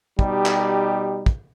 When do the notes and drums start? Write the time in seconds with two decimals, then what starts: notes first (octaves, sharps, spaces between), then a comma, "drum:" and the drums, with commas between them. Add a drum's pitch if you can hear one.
0.19 B2 G3 D#4 G4, drum: kick
0.46 drum: clap
1.26 drum: kick